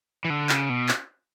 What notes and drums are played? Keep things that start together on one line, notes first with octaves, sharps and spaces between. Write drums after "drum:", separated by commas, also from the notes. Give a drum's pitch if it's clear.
E3
D3
C#3, drum: clap
B2
drum: clap